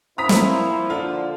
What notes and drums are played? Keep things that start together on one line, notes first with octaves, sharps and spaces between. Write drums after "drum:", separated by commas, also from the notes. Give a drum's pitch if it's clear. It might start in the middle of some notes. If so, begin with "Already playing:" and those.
A#2 F3 C4 E4 A#5 D#6 B6
drum: snare
D3 F4